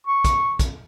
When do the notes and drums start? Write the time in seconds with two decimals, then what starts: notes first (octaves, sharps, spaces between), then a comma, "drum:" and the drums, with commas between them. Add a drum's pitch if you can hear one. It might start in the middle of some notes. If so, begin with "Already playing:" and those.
0.07 C#6
0.24 drum: kick, hi-hat
0.59 drum: kick, hi-hat